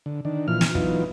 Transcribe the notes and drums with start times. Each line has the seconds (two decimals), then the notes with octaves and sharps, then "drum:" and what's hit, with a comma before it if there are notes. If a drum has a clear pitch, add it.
0.06 D3
0.25 D#3 D4
0.48 A#2 E3 F3 F6
0.61 drum: snare
0.75 E3 F#3 B3 D#4 F4, drum: kick